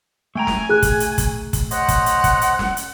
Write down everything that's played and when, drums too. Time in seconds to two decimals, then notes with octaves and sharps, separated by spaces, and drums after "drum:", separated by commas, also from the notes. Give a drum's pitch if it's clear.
0.35 A3 G5 G#5 A#5
0.47 drum: snare
0.69 G#4 F#6
0.82 drum: kick, hi-hat
1.00 drum: hi-hat
1.18 drum: kick, hi-hat
1.53 drum: kick, hi-hat
1.71 C5 C#5 D#5 F#5, drum: hi-hat
1.88 drum: kick, hi-hat
2.06 drum: hi-hat
2.24 drum: kick, hi-hat
2.41 drum: hi-hat
2.59 drum: snare
2.77 drum: hi-hat